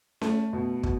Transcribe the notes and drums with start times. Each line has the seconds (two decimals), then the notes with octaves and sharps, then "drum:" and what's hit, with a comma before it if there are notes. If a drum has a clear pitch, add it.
0.21 A3, drum: snare C#4
0.53 B2
0.83 B2, drum: kick